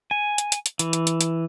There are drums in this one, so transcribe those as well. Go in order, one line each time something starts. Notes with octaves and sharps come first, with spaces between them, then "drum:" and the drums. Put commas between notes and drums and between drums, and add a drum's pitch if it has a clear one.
G#5
drum: hi-hat
drum: hi-hat
drum: hi-hat
E3, drum: hi-hat
drum: hi-hat
drum: hi-hat
drum: hi-hat